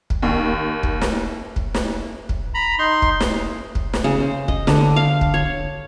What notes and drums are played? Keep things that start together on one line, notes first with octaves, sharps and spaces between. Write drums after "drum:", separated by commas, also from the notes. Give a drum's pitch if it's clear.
drum: kick
D#2
drum: kick
drum: snare
drum: kick
drum: snare
drum: kick
A#5 B5
D#4 C6
drum: kick
drum: snare
drum: kick
drum: snare
C#3
C5
D#5, drum: kick
D3, drum: snare
F5
drum: kick
C#5